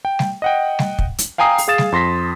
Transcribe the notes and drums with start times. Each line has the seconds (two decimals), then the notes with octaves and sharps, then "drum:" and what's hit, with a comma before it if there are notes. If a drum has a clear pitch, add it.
0.05 G5
0.19 drum: snare G3
0.42 D#5 F#5 G5
0.79 drum: snare G3
0.99 drum: kick
1.18 drum: hi-hat
1.38 F5 G5 G#5 A#5 D#6 C7
1.58 drum: open hi-hat
1.68 G#4 F5 D#6 A6 E7
1.78 drum: snare G3
1.92 F2 C6 A#6 B6